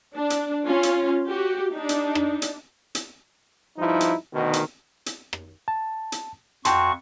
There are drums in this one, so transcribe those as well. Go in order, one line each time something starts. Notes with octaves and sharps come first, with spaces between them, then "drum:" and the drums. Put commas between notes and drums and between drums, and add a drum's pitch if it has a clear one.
D4
drum: hi-hat
C#4 F4
drum: hi-hat
F#4 G4
D4 D#4
drum: hi-hat
drum: rim click
drum: hi-hat
drum: hi-hat
G2 F3 D#4 E4
drum: hi-hat
D2 B2 D#3
drum: hi-hat
drum: hi-hat
drum: rim click
A5
drum: hi-hat
F2 F#4 G5 A5 C6 C#6, drum: hi-hat